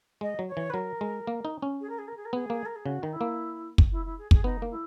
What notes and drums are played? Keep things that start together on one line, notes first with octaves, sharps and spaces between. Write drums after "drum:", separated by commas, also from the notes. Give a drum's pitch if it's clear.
G#3 D#5
F#3
C#5
E3
B4
F#3 A#4
G#3
A#3
D#4
C#4
G#4
A#4
G#4
A#4
G#4
A#4
B3 G#4
A#3
A#4
G#4
C#3 F#4
D#3 D#4
E4
A#3
drum: kick
E4
E4
G#4
G#4, drum: kick
B3 D#4
A#3
E4